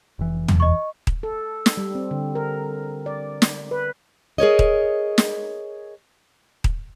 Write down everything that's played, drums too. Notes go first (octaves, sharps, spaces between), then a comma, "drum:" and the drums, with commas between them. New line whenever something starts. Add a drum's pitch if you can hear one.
F1 E3
drum: tom
D#5 C#6
drum: kick D#1
A4
drum: snare
G3
C4
D3
A#4
D5
drum: snare
B4
G#4 A#4 C#5 D#5
drum: kick D#1
drum: snare
drum: kick D#1